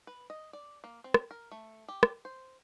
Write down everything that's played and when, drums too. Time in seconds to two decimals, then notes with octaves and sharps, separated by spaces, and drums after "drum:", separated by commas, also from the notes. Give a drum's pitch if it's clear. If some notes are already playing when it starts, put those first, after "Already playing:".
0.07 B4
0.30 D#5
0.53 D5
0.84 A#3
1.04 C4
1.14 drum: rim click
1.31 A#4
1.51 A3
1.88 G4
2.03 drum: rim click
2.25 C5